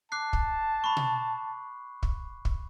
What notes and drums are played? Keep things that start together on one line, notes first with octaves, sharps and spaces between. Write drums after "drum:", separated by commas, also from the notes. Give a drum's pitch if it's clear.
A5 D6 F#6 C7
drum: kick
B5 C#6
drum: tom B2
drum: kick
drum: kick